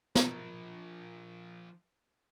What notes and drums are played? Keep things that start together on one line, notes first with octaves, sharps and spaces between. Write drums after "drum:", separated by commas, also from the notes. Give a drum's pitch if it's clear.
F3 A#4, drum: snare